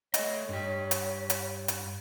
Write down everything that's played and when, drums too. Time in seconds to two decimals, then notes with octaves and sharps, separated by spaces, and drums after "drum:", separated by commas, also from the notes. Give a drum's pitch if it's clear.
0.14 A3 C#5 D#5, drum: hi-hat
0.49 G2 G4
0.91 drum: hi-hat
1.30 drum: hi-hat
1.68 drum: hi-hat